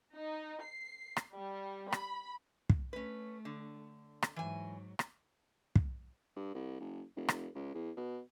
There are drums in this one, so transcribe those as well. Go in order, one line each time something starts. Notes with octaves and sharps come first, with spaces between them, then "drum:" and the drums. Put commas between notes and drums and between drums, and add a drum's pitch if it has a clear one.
D#4
C7
drum: rim click
G3
B5, drum: rim click
drum: kick
A3 C#4 B4
D3
drum: rim click
G#2 E3 F#3 G#5
drum: rim click
drum: kick
G2
C2
F#1
F1
drum: rim click
C#2
E2
B2